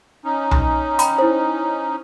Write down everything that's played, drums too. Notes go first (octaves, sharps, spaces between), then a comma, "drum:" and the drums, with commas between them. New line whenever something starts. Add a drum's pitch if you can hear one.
C#4 D#4
drum: tom B1
G5 A#5 B5, drum: hi-hat
E4 C5